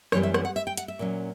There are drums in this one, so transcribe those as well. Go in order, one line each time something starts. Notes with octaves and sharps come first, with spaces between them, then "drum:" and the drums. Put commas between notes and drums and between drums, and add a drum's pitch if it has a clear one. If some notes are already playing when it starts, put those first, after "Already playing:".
F#2 E3 G3 B3 C#5, drum: rim click
E5
F#5, drum: rim click
F#5
E5
G5
F#5, drum: hi-hat
E5
A#2 F#3 C#4